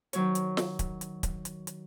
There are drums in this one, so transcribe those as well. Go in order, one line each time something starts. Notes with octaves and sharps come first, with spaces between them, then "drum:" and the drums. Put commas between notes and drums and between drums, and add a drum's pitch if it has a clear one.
D#3 F#3 C#5, drum: hi-hat
drum: hi-hat
drum: snare
drum: kick, hi-hat
drum: hi-hat
drum: kick, hi-hat
drum: hi-hat
drum: hi-hat